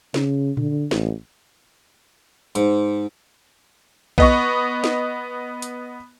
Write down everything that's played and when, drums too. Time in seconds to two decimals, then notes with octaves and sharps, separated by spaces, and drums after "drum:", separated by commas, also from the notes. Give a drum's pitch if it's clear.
0.14 C#3, drum: snare
0.57 D3, drum: tom A#2
0.91 A1, drum: snare
2.55 G#2, drum: hi-hat
4.18 B3 D#5 C#6, drum: kick B1
4.84 drum: snare
5.62 drum: hi-hat